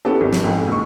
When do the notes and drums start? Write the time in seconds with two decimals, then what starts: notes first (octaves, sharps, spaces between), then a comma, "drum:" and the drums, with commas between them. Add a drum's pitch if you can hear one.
0.05 B3 C#4 E4 G4 A4
0.21 G#1
0.33 drum: snare
0.43 F2 G#2 F3 G#3
0.68 F#1 C#6